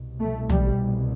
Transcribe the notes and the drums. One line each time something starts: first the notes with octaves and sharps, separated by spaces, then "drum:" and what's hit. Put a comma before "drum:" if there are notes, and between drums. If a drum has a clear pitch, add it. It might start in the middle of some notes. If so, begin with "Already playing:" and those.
Already playing: C2 B2
A3
G3, drum: tom